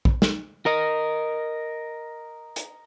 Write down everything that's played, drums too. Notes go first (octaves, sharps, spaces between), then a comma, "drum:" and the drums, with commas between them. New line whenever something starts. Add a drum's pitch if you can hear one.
drum: kick
drum: snare
A#4 D#5
drum: hi-hat